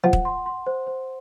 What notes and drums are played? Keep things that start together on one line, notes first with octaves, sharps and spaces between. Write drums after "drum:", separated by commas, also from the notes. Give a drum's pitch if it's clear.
F3 F#5
drum: kick
C6
C6
C5
C5